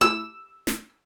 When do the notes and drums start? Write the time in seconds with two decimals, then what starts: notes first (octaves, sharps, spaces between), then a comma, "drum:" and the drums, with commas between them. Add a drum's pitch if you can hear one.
0.01 E6, drum: tom E4
0.67 drum: snare